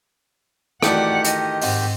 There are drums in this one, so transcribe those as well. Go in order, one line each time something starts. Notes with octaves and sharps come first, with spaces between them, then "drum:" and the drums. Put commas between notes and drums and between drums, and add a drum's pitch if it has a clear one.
D#3 E3 A3 F#4 G4 D5 F#5, drum: rim click
D#5, drum: hi-hat
G#2 C4 D#5 F#5, drum: open hi-hat